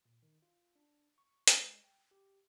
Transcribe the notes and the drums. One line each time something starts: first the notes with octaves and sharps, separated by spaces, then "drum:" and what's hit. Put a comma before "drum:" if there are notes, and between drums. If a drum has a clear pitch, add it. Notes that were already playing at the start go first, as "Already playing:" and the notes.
A#2
D#3
F4
D4
C#6
G#3, drum: hi-hat
G5
G4